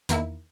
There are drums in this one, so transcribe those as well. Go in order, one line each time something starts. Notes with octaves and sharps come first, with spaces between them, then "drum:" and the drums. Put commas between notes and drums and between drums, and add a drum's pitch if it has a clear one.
E2 D#3 A#3 E4, drum: hi-hat